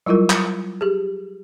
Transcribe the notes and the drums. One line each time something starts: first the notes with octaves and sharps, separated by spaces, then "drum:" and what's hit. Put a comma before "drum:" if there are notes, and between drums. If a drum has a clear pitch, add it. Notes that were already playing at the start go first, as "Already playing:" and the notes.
F#3 G3 E4 F4 A#4
drum: clap
G4 G#4